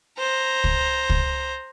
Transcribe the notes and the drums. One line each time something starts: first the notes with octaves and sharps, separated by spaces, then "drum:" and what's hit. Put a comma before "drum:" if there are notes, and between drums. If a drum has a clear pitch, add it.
C5 A#5
drum: kick
drum: kick